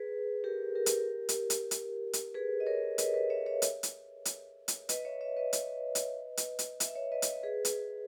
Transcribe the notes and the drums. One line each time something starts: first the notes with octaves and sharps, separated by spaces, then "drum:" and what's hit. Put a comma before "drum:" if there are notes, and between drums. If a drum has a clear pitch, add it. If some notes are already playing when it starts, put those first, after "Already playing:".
Already playing: G#4 B4
G4 A#4
G4 A#4
drum: hi-hat
drum: hi-hat
drum: hi-hat
drum: hi-hat
drum: hi-hat
G#4 B4
D#5
A#4 C#5
B4 D#5, drum: hi-hat
B4 D#5
C#5 E5
C#5 E5
drum: hi-hat
drum: hi-hat
drum: hi-hat
drum: hi-hat
B4 D#5, drum: hi-hat
C#5 E5
C#5 E5
B4 D#5
drum: hi-hat
drum: hi-hat
drum: hi-hat
drum: hi-hat
E5, drum: hi-hat
C#5 E5
B4 D#5
drum: hi-hat
G#4 B4
drum: hi-hat